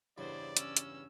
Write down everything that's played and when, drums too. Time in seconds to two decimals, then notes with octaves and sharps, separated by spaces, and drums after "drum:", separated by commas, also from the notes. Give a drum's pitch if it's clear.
0.18 E2 G2 C#3 E4 C5 D5
0.57 C#4 E6, drum: hi-hat
0.77 drum: hi-hat